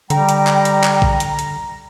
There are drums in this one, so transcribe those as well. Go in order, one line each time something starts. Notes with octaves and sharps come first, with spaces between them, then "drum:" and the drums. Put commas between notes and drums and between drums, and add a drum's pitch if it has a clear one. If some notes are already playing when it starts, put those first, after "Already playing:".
D3 G3 G5 A#5, drum: hi-hat
drum: hi-hat
drum: clap
drum: hi-hat
drum: clap
drum: kick A#1
drum: hi-hat
drum: hi-hat